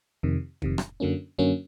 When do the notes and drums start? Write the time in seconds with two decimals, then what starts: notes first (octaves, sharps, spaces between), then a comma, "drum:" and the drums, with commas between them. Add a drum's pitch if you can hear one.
0.23 F2 C3 D#3
0.62 F2 C3 D#3, drum: kick
0.78 drum: rim click
1.00 F#2 D3 F#3 A#3 C#4
1.38 F#2 D3 F#3 A#3 C#4